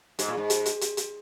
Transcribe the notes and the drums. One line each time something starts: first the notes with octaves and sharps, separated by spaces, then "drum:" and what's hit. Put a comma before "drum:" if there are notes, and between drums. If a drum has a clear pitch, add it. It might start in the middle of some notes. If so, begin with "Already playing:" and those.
G#2, drum: hi-hat
A#2
G#2
drum: hi-hat
drum: hi-hat
drum: hi-hat
drum: hi-hat